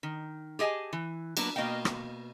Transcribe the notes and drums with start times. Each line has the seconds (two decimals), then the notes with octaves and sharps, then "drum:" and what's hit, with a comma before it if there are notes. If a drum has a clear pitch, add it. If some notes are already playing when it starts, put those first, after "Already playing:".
0.03 D#3
0.59 G4 G#4 D#5 G#5 A5
0.93 E3
1.37 F#3 A#3 B3 D4, drum: cymbal
1.56 B2 A#3 D#5 F5 G5
1.85 drum: rim click